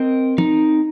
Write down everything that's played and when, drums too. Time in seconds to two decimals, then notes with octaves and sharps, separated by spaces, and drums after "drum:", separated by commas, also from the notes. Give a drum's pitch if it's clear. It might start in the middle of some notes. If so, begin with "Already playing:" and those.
Already playing: C4 A#4 D#5
0.38 D#4, drum: tom